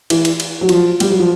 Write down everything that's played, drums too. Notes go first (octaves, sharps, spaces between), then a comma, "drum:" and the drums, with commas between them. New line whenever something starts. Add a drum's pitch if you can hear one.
E3, drum: cymbal
drum: cymbal
drum: cymbal
F#3
F3, drum: cymbal
G3, drum: cymbal
F#3
F3